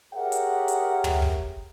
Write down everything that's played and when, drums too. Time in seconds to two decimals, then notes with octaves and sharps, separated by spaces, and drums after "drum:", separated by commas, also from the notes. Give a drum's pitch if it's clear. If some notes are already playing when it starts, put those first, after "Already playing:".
0.14 G4 G#4 A#4 C#5 E5 F#5
0.32 drum: hi-hat
0.68 drum: hi-hat
1.04 drum: tom
1.22 drum: kick